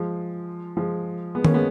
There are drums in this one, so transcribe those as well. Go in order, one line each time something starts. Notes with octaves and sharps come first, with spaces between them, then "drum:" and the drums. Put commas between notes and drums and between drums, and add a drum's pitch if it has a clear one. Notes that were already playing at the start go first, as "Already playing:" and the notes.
Already playing: F3 G#3
F3 G#3
G#3 B3
A#3 C#4, drum: tom D#3
G#3 B3